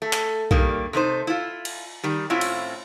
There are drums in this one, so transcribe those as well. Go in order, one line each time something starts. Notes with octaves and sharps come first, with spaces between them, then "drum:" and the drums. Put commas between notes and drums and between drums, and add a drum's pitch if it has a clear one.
A3
drum: clap
G2 D#3 G3 A#3, drum: kick B1
C3 A3 D#4 C5
E4 F4
drum: cymbal
D#3 G3
A2 C4 C#4 E4 F4
drum: cymbal